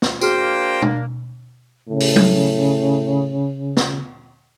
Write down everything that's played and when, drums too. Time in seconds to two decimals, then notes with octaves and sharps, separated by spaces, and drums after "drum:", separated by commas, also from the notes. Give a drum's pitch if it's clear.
0.02 drum: snare
0.21 A#3 D4 F#4 G#4 C5 G5 F6, drum: tambourine
0.82 drum: tom
1.88 A2 C#3
2.00 drum: open hi-hat
2.16 drum: tom F#3
3.77 drum: snare